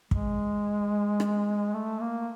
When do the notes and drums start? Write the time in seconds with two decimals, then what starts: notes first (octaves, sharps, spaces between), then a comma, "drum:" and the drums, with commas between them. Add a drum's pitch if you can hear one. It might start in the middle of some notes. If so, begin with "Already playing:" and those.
0.11 G#3, drum: kick
1.20 drum: rim click
1.74 A3
2.00 A#3